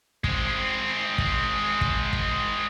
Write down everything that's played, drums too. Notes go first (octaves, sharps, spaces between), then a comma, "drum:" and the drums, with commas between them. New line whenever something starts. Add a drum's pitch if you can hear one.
G#3 C4, drum: kick
drum: kick
drum: kick
drum: kick